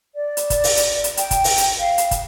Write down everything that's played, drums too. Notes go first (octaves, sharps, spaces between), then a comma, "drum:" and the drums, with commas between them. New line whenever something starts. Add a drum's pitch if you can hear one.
D5
drum: hi-hat
drum: kick, hi-hat
drum: open hi-hat
drum: hi-hat
drum: hi-hat
G5, drum: hi-hat
drum: kick, hi-hat
drum: open hi-hat
drum: hi-hat
F5
drum: hi-hat
drum: kick, hi-hat